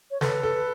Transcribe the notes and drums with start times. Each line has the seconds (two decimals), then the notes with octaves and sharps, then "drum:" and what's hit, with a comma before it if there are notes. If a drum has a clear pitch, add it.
0.11 C#5
0.21 A4 B4, drum: snare
0.43 A4